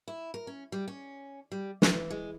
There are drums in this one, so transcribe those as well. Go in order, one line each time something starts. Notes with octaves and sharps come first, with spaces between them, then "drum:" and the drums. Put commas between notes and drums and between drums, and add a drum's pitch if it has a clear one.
E4
A#4
C#4
G3
C#4
G3
E3, drum: snare
G#3